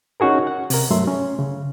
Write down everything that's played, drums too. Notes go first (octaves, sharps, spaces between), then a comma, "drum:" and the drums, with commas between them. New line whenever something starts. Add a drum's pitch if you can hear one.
C#4 D#4 F#4 G#4 A#4
F#5
C3 A#4, drum: open hi-hat
G2 F#3 A3 E5 C6
C#4
C#3